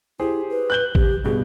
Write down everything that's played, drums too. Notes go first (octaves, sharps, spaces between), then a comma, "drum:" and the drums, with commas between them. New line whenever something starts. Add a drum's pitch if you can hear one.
E4 G4 G#4 C5
B4
F#6 G6 G7
G4, drum: kick G#1
G2 B2 G#4